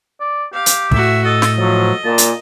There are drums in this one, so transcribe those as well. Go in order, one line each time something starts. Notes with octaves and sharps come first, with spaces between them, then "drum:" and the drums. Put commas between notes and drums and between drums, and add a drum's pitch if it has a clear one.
D5
G4 F5
drum: hi-hat
A2 F#4 E5, drum: kick
A4 D#5
drum: snare
F3 F#3 A4
A#2 A5
drum: hi-hat